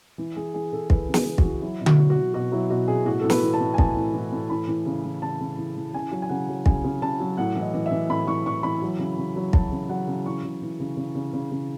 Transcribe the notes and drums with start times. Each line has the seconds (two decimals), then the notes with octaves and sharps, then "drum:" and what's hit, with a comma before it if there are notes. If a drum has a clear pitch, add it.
0.18 E3
0.36 E3 G#4
0.54 E3 G#4
0.73 E3 A4
0.90 E3 B4, drum: kick
1.08 C#3
1.14 G#4, drum: snare
1.26 E3
1.38 F#4, drum: kick
1.44 E3
1.62 F#3 E4
1.81 B2
1.86 F#4, drum: tom D3
1.98 F#3
2.10 F#4
2.16 F#3
2.34 B2 F#4
2.52 F#3 E4
2.70 B2 F#4
2.88 B2 G#4
3.06 A2 F#4
3.21 A2 A4
3.30 B4, drum: snare
3.43 E3
3.54 A5
3.61 A2
3.74 G#5
3.78 A2 A5, drum: kick
3.96 A2
4.14 E3
4.33 A2
4.50 E3 B5
4.68 E3
4.86 C#3
5.04 E3
5.22 C#3 A5
5.40 C#3
5.57 E3
5.77 E3
5.93 C#3 G#5
6.11 F#3
6.22 G#5
6.29 C#3 F#5
6.48 F#3
6.66 C#3 G#5, drum: kick
6.84 C#3
7.02 C#3 A5
7.20 F#3
7.37 A2 F#5
7.55 E3
7.61 D#5
7.74 E3
7.86 E5
7.91 E3
8.10 A2 B5
8.27 E3 C#6
8.45 E3 C#6
8.63 E3 B5
8.82 F#3
8.99 C#3
9.18 C#3
9.36 F#3
9.53 F#3 A5, drum: kick
9.72 C#3
9.89 F#3 F#5
10.07 C#3
10.26 E3 C#6
10.43 C#3
10.62 E3
10.80 C#3
10.97 C#3
11.15 C#3
11.33 C#3
11.51 C#3